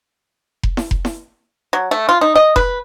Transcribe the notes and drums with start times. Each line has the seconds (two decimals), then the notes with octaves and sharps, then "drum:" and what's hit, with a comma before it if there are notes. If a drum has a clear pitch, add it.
0.63 drum: kick F1
0.77 drum: snare E4
0.91 drum: kick F1
1.05 drum: snare E4
1.73 F#3
1.91 A3
2.09 F4
2.21 D#4
2.35 D#5
2.56 B4, drum: kick F1